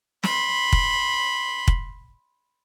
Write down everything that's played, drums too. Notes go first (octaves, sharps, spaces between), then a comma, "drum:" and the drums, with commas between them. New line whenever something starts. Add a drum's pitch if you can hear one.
B5 C6, drum: snare
drum: kick
drum: kick